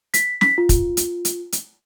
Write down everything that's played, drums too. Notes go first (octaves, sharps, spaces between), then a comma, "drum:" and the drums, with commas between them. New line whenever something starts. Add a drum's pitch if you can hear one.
B6, drum: hi-hat
B6, drum: snare
F4
drum: kick, hi-hat
drum: hi-hat
drum: hi-hat
drum: hi-hat